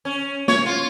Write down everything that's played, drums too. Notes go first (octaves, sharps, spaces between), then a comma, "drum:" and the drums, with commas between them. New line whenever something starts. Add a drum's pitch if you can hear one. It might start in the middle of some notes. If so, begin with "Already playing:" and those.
C#4
C#5, drum: snare
F4